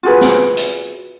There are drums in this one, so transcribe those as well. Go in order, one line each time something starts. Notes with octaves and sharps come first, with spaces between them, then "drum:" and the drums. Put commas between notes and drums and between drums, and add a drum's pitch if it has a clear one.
F4 F#4 G#4 B4
drum: snare
drum: hi-hat